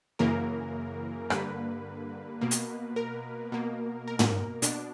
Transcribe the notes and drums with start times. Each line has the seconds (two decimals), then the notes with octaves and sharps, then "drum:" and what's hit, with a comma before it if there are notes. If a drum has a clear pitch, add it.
0.19 F#2 C#3 E3 A#3 A#4
1.30 G2 D3 A#3 B4, drum: rim click
2.41 B2 A#3
2.51 drum: hi-hat
2.96 A#4
3.52 B2 A#3
4.08 A#4
4.19 drum: tom
4.62 B2 D4, drum: hi-hat